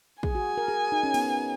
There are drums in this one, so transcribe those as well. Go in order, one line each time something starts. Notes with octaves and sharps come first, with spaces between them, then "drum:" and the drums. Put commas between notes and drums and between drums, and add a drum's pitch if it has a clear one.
G#4 G#5, drum: kick
F#4
A#4
G#4
D#4
C#4
B3, drum: cymbal